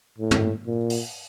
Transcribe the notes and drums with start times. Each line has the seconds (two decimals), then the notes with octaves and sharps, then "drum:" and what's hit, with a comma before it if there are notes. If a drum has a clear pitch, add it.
0.18 A2
0.31 drum: tom
0.67 A#2
0.90 drum: open hi-hat